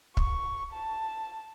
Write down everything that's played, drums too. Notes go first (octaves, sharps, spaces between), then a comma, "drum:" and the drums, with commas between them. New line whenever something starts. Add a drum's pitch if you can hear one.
C#6, drum: kick
A5